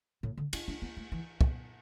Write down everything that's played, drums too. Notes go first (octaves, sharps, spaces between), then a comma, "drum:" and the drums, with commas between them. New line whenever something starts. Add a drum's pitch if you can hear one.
A2
D3
D4, drum: cymbal
D4
B3
A3
E3
B3, drum: kick